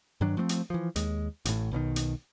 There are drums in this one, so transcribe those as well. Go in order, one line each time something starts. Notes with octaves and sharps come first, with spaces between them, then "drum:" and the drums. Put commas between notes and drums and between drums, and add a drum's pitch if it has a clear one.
G2 D#3 F#3 D4
F3 A3 A#3 C4
drum: hi-hat
E3 F3
D#2 G#3, drum: hi-hat
A1 A2, drum: hi-hat
B1 B2 D3 D#3
drum: hi-hat